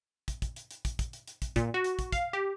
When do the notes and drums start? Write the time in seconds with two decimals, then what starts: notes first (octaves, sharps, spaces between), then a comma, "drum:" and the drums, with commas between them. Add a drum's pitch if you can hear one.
0.28 drum: kick, hi-hat
0.42 drum: kick, hi-hat
0.56 drum: hi-hat
0.71 drum: hi-hat
0.85 drum: kick, hi-hat
0.99 drum: kick, hi-hat
1.13 drum: hi-hat
1.27 drum: hi-hat
1.42 drum: kick, hi-hat
1.56 A#2, drum: kick, hi-hat
1.74 F#4
1.84 drum: hi-hat
1.99 drum: kick, hi-hat
2.12 F5, drum: kick, hi-hat
2.33 G4